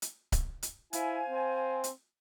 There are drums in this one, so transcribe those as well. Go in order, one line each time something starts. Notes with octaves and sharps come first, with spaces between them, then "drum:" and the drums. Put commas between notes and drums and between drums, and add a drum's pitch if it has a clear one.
drum: hi-hat
drum: kick C#1, hi-hat
drum: hi-hat
E4 C5 F5 G#5, drum: hi-hat
C4
drum: hi-hat